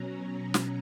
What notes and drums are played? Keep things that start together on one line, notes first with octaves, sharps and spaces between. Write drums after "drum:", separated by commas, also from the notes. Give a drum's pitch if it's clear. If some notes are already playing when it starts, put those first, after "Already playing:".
Already playing: B2 F#3 C#4 A#5
drum: snare